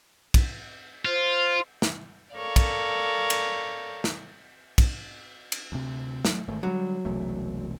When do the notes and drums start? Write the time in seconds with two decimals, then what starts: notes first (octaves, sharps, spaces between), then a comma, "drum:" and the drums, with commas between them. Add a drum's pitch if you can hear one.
0.34 drum: kick, cymbal
1.05 F4 C5
1.82 drum: snare
2.34 A4 A#4 C#5 D5 F5
2.56 drum: kick, cymbal
3.30 drum: cymbal
4.04 drum: snare
4.78 drum: kick, cymbal
5.52 drum: cymbal
5.72 D2 C3
6.25 F#3 A3, drum: snare
6.48 G#1 D#3 A3
6.63 D3 F#3 G3
7.05 E1 C2 A3